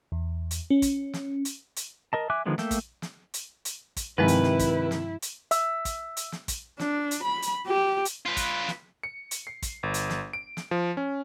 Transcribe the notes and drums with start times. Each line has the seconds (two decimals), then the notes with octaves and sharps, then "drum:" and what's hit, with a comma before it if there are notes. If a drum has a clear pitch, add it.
0.12 E2
0.51 drum: hi-hat
0.70 C#4
0.82 drum: kick, hi-hat
1.14 drum: snare
1.45 drum: hi-hat
1.76 drum: hi-hat
2.13 A#4 D#5 A5
2.30 E5 G#5 D6 F#6
2.46 D3 D#3 F3 G#3 B3
2.58 A3 A#3 E5 G5, drum: snare
2.71 drum: kick, hi-hat
3.02 drum: snare
3.34 drum: hi-hat
3.65 drum: hi-hat
3.97 drum: kick, hi-hat
4.18 G2 C3 D#3 F3 G#3 E4 B4
4.28 drum: hi-hat
4.44 drum: snare
4.59 drum: kick, hi-hat
4.91 drum: snare
5.22 drum: hi-hat
5.51 E5 E6, drum: hi-hat
5.85 drum: kick, hi-hat
6.17 drum: hi-hat
6.32 drum: snare
6.48 drum: kick, hi-hat
6.79 D4, drum: snare
7.11 drum: hi-hat
7.23 B5
7.42 drum: hi-hat
7.67 G4
8.05 drum: hi-hat
8.26 F4 B4
8.37 drum: kick, hi-hat
8.68 drum: snare
9.03 C#7
9.31 drum: hi-hat
9.47 C7
9.62 drum: kick, hi-hat
9.83 G1
9.94 drum: hi-hat
10.10 drum: snare
10.33 D7
10.57 drum: snare
10.71 F3
10.97 C#4